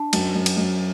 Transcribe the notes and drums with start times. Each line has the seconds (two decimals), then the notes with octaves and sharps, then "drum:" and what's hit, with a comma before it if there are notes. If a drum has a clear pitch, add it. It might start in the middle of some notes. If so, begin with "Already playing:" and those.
Already playing: D4
0.13 F#2, drum: cymbal
0.35 F#2
0.46 drum: cymbal
0.57 F#2